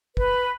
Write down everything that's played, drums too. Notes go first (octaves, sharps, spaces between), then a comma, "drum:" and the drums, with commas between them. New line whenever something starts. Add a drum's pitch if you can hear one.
B4, drum: kick